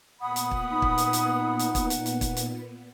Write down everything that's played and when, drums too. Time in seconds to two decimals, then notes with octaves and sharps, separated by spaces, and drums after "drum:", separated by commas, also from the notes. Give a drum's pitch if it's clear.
0.20 A#2 B3 F#5 B5 D#6
0.36 drum: hi-hat
0.51 drum: kick
0.71 D#4
0.82 drum: kick
0.98 drum: hi-hat
1.13 drum: hi-hat
1.59 drum: hi-hat
1.75 drum: kick, hi-hat
1.90 drum: hi-hat
2.06 drum: hi-hat
2.21 drum: kick, hi-hat
2.37 drum: hi-hat